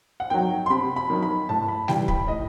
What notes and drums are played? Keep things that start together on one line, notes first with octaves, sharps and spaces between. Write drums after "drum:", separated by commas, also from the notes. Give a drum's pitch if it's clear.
F#5
D#3 F#3 G5
C6
C3 B5
B5
D#3 F#3
B5
A2 A5
B5
E3 G3 G5, drum: snare G3
B5, drum: kick
A2 D#5